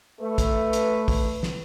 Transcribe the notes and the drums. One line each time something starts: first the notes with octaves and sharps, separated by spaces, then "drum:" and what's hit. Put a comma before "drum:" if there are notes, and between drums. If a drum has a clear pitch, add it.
A3 B4
drum: kick, hi-hat
drum: hi-hat
drum: kick, open hi-hat
drum: snare